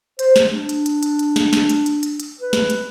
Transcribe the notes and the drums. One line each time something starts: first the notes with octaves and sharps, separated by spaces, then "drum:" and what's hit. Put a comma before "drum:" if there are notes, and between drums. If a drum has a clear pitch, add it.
C5, drum: hi-hat
drum: snare
D4
drum: hi-hat
drum: hi-hat
drum: hi-hat
drum: hi-hat
drum: snare
drum: snare
drum: hi-hat
drum: hi-hat
drum: hi-hat
drum: hi-hat
B4
drum: snare
drum: hi-hat